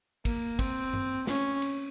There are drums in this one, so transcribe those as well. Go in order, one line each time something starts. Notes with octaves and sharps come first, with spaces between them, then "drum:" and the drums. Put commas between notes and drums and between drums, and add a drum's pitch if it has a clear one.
A#3, drum: kick, cymbal
C4, drum: kick, cymbal
drum: tom G2
C#4, drum: snare
drum: cymbal